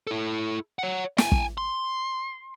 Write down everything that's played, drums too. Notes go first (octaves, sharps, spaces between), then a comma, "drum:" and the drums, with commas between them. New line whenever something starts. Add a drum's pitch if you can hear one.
E4 A4
C#5 F#5
G5 G#5, drum: snare
drum: kick
C6